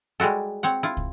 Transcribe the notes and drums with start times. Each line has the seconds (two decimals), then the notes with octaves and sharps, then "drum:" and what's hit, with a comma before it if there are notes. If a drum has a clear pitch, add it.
0.20 G3 G#3 E4 F#4 A4
0.63 C4 C#5 F#5
0.83 E4 F4
0.97 drum: kick